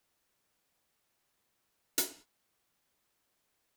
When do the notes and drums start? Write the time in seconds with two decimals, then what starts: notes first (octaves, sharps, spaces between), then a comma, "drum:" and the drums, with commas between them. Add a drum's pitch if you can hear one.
0.18 D4
0.60 C#4
1.98 drum: hi-hat
2.47 F#3 G5 A5 F6 A#6